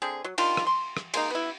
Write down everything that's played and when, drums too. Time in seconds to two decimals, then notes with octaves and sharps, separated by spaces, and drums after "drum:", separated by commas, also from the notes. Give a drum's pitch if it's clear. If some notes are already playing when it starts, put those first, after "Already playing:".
0.02 D3 C4 D4 G#4
0.24 F#3
0.38 D#3 G3 D4 F4, drum: cymbal
0.57 drum: rim click
0.67 C6
0.97 drum: rim click
1.14 G#3 A#3 D#4, drum: cymbal
1.30 B3 E4